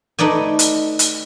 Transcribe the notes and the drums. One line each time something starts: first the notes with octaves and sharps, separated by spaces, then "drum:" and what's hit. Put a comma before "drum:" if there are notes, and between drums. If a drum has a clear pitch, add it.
A3 D#4 B4 D5 G#5
drum: hi-hat
drum: hi-hat